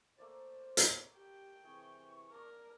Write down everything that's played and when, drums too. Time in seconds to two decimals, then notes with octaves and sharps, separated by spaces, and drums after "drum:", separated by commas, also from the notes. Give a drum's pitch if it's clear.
0.19 A3 A#3 C5 D5
0.77 drum: hi-hat
1.17 G4 G5
1.65 C3 E3 G#4 C#6
2.32 A#3 D4 A#4